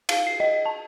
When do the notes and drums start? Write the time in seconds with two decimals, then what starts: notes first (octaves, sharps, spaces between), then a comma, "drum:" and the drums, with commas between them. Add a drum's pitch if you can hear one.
0.09 F5, drum: cymbal
0.27 C7
0.40 D#5
0.66 A5